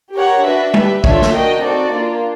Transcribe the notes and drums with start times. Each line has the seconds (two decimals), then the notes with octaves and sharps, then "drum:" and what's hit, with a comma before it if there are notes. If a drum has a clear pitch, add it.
0.14 G4 A#4 C#5 F#5
0.44 D4 F#4 B4 E5
0.74 G4 B4 E5, drum: tom G3
1.04 D4 F4 A4 C#5 E5, drum: kick A#1
1.22 drum: snare
1.33 D4 F#4 A#4 D#5 G5
1.64 C4 D#4 F#4 A4 D5
1.94 A#3 D4 F4